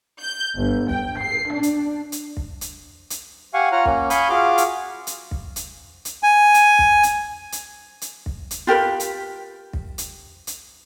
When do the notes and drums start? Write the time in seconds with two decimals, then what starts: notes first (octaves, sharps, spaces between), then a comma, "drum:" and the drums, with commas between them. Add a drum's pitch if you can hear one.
0.20 G6
0.55 G1
0.89 G5, drum: kick
1.20 C7
1.50 D4
1.63 drum: hi-hat
2.12 drum: hi-hat
2.37 drum: kick
2.61 drum: hi-hat
3.10 drum: hi-hat
3.54 G4 F5 F#5 G#5 C#6
3.72 F4 C#5 F#5 A#5 F6
3.85 A#3 C#4, drum: kick
4.10 F5 G#5 B5 C#6 D#6 G6, drum: hi-hat
4.30 F4 F#4 G#4 D6 F6
4.58 drum: hi-hat
5.07 drum: hi-hat
5.31 drum: kick
5.56 drum: hi-hat
6.05 drum: hi-hat
6.23 G#5
6.54 drum: hi-hat
6.79 drum: kick
7.03 drum: hi-hat
7.52 drum: hi-hat
8.01 drum: hi-hat
8.26 drum: kick
8.51 drum: hi-hat
8.67 F4 G4 A#4 B4
9.00 drum: hi-hat
9.73 drum: kick
9.98 drum: hi-hat
10.47 drum: hi-hat